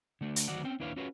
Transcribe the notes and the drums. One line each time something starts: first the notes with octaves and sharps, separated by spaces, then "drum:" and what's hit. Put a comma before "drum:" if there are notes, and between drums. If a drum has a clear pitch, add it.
D3 A3 D4
drum: hi-hat
D2 D#3 F#3 F#4 D5 F#5
C4 C#4 G5
D#2 D4 E4 B4 C#5 F5
C#4 F4 F#4 G#4 B4 C#5